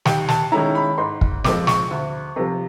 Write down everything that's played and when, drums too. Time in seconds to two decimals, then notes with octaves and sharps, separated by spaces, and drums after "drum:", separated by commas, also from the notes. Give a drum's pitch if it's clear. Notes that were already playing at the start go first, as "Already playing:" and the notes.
0.05 D#2 G5, drum: snare
0.28 A5, drum: snare
0.52 D#3 G#3 C#4 E4 A#5
0.75 B5
0.98 G#2 C6
1.21 drum: kick
1.44 F3 G#3 C4 D6, drum: snare
1.67 C#6, drum: snare
1.91 D2
2.36 C3 F3